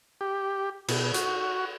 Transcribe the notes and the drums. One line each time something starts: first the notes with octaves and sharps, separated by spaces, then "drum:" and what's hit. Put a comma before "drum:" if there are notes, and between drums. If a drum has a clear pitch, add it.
G4
B2, drum: cymbal
F#4, drum: hi-hat